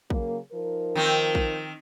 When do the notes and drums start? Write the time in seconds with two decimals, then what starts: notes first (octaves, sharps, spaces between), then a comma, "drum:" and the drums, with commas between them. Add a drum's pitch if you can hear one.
0.10 C#3 F#3 A#3, drum: kick
0.53 F3 D#4 A#4
0.96 D#3 C4
1.35 drum: kick